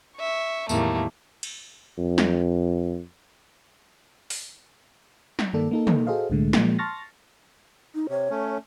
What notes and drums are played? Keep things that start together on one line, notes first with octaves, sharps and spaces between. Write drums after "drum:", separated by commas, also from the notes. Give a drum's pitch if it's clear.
E5 C#6
E2 A2 D#3 G3 A3 A#3, drum: tambourine
drum: cymbal
F2
drum: snare
drum: open hi-hat
drum: snare
G2 D#3 A#3 A4 D5
A#3 D#4 A4
drum: tom
F#4 G#4 A4 C5 D#5 F5
C2 A2 D3 G#3 A3
A#2 F3 G#3 A#3, drum: snare
A5 C6 C#6 F6 A6 A#6
D#4
C3 C#5
A3 C#4